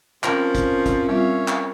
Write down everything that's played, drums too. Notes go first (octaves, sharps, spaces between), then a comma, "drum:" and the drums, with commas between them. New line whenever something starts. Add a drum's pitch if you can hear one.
F3 C4 C#4 A#4, drum: clap
drum: kick, hi-hat
drum: kick, hi-hat
G3 C4 C#4 F4 E5 F5
drum: clap